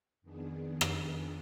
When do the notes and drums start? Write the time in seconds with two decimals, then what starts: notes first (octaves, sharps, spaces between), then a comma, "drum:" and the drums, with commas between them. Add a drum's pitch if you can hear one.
0.22 F2 D#3 B3 D4 G#4
0.81 drum: rim click